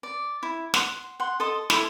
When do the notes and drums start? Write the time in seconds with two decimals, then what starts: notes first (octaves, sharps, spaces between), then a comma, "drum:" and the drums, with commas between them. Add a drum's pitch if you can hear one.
0.03 D5
0.43 E4
0.74 F#5 C6, drum: snare
1.20 F#5 C6
1.40 A4 D#5 C6 D#6
1.70 E4 A4 C6, drum: snare